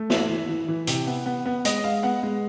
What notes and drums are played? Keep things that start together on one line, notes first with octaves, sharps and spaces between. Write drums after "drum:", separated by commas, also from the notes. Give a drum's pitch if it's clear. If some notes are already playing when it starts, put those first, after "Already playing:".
Already playing: A3
E3 E5, drum: snare
E3
E3
E3
C3, drum: hi-hat
B3
B3
B3
G#3 D#5, drum: hi-hat
G#3 F5
B3 F#5
G#3